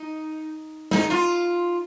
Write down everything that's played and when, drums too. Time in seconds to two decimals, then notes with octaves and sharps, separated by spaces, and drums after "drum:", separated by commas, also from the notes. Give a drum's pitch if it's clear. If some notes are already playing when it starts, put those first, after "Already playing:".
Already playing: D#4
0.91 D#4, drum: snare
1.10 F4